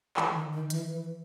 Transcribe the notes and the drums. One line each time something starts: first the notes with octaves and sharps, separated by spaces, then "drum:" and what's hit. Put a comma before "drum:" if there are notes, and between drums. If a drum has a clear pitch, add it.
E3, drum: clap
D#3
D#3
E3, drum: hi-hat
E3